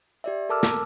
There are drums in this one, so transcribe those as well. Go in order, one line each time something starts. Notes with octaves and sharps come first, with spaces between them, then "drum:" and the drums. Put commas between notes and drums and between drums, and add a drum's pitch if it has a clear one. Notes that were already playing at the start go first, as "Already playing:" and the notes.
G4 D5 E5
A4 A#4 A5 D6 E6 F6
drum: snare